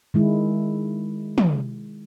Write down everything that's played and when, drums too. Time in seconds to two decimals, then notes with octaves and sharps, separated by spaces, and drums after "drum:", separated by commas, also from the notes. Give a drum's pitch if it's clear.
0.14 D#3 G#3 E4
1.38 drum: tom